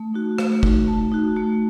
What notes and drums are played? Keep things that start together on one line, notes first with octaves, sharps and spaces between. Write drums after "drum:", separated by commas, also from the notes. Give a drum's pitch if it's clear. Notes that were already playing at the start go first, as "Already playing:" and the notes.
Already playing: A3
D#4 F#4
A3, drum: rim click
D#4 F#4, drum: kick
A3 A5
D#4 F#4
A3 A5